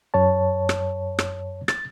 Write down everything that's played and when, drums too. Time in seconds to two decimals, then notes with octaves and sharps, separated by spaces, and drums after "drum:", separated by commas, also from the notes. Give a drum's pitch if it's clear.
0.14 F#2 C#5 A5
0.69 drum: rim click
1.19 drum: rim click
1.68 A6, drum: rim click